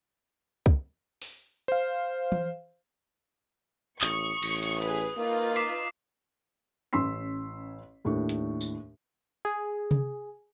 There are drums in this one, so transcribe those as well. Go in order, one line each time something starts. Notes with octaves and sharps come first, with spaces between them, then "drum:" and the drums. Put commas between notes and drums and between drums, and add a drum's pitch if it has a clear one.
drum: kick
drum: open hi-hat
C5 F5
drum: tom E3
A1 C#6 D#6, drum: clap
A1, drum: cymbal
drum: hi-hat
G#4 B4, drum: hi-hat
A#3 D#4 F4 B4
D6 B6 C7, drum: hi-hat
A1 C#4 C6 E6 B6
D#2 A2 D4 C#6
drum: hi-hat
drum: tambourine
G#4
drum: tom C3